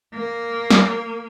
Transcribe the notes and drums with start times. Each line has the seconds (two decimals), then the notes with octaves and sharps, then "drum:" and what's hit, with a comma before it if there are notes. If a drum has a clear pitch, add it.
0.14 A#3
0.71 drum: snare